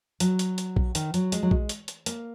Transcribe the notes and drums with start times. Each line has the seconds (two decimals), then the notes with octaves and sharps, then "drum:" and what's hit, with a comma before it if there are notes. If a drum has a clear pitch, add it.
0.20 F#3, drum: hi-hat
0.39 drum: hi-hat
0.58 drum: hi-hat
0.76 drum: kick A#1
0.95 D#3, drum: hi-hat
1.14 F#3, drum: hi-hat
1.32 G#3, drum: hi-hat
1.43 F#3
1.51 G#3, drum: kick A#1
1.69 drum: hi-hat
1.88 drum: hi-hat
2.06 A#3, drum: hi-hat